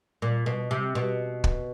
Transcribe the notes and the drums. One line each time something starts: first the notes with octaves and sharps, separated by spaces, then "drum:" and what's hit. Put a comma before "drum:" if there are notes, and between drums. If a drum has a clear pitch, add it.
A#2
B2
C3
B2
drum: kick